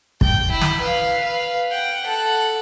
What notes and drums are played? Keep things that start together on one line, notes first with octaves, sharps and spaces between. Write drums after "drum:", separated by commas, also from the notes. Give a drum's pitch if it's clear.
G5, drum: kick
E4
drum: snare
B4 F5
B4 F5
F#5 G5
A4 F#5